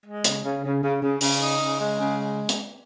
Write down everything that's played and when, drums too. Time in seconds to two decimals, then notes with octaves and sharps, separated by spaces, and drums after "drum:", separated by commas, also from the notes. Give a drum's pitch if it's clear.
0.05 G#3
0.24 C#3, drum: hi-hat
0.44 C#3
0.63 C#3
0.83 C#3
1.02 C#3
1.21 C#3, drum: open hi-hat
1.41 D#4
1.60 C#3
1.79 G#3
1.99 C#3
2.18 G#3
2.49 drum: hi-hat